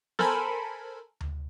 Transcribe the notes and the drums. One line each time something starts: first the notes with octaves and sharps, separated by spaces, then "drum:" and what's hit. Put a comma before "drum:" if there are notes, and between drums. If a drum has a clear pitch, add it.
A4 A#4 C5 G#5 B5, drum: snare B3
drum: tom D2